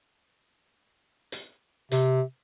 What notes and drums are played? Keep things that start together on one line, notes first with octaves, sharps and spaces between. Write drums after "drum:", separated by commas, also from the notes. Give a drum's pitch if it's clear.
drum: hi-hat
C3, drum: hi-hat